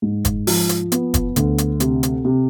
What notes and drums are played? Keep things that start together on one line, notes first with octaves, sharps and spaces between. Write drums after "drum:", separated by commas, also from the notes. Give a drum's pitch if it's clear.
G#2
drum: kick, hi-hat
F3, drum: open hi-hat
drum: hi-hat
B3, drum: hi-hat
drum: kick, hi-hat
D2, drum: hi-hat
drum: hi-hat
C3, drum: hi-hat
drum: hi-hat
C3